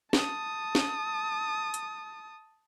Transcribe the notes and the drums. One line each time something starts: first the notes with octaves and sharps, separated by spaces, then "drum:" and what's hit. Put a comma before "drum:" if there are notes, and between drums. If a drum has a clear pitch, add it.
A5 D#6, drum: snare
drum: snare
drum: hi-hat